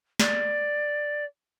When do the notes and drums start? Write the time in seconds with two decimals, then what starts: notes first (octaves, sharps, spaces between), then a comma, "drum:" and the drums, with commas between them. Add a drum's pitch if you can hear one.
0.20 D5, drum: snare